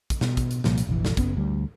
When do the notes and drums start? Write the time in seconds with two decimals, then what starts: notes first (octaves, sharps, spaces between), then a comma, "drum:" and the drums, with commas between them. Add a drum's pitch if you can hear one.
0.10 drum: kick, hi-hat
0.21 B2, drum: snare
0.37 drum: kick, hi-hat
0.51 drum: hi-hat
0.64 C2 A#2 F3 A#3, drum: snare
0.78 drum: hi-hat
0.87 F1 A#1 E3
1.05 drum: snare
1.17 F#1 B3 C#4, drum: kick, hi-hat
1.37 D2 G3